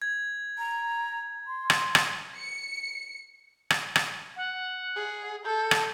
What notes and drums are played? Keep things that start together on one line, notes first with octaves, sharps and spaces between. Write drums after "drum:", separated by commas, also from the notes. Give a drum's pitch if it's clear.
G#6
A#5
C6
drum: rim click
drum: rim click
C#7
drum: rim click
drum: rim click
F#5
G#4
A4 G6
drum: rim click